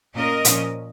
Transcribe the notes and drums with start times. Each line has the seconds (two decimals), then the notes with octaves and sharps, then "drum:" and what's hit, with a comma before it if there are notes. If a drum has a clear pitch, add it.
0.15 A#2 A#3 C#4 A#4 D#5
0.45 A#2 F3 C#4, drum: hi-hat